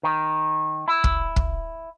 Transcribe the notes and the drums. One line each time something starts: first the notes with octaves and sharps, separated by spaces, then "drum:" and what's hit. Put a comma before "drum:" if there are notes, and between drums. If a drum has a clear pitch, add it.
D#3
E4
drum: kick
drum: kick